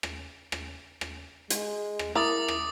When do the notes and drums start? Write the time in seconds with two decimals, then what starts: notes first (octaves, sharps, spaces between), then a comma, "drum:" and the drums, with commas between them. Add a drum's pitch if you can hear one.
0.03 drum: rim click
0.52 drum: rim click
1.01 drum: rim click
1.50 G#3, drum: hi-hat
1.99 drum: rim click
2.15 E4 A#4 A#5 D6 D#6 A6
2.48 drum: rim click